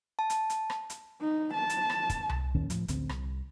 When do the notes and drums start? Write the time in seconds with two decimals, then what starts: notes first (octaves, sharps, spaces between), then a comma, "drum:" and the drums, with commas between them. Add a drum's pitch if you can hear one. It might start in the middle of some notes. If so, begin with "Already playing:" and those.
0.19 A5
0.30 drum: hi-hat
0.50 drum: hi-hat
0.70 drum: rim click
0.90 drum: hi-hat
1.21 D#4
1.54 A5
1.70 drum: hi-hat
1.90 drum: rim click
2.10 drum: kick, hi-hat
2.29 drum: tom C2
2.54 E2 A#2 D#3 C#4
2.70 A2 F3, drum: hi-hat
2.88 A1 D2 D3 C4, drum: hi-hat
3.09 C2, drum: rim click